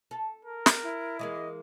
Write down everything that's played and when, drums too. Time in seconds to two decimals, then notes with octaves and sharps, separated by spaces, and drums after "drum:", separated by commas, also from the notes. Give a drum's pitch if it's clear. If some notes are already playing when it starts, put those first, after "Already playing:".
0.11 A4
0.45 A#4
0.66 drum: snare
0.83 E4
1.19 E3 G#3 A#3 D#5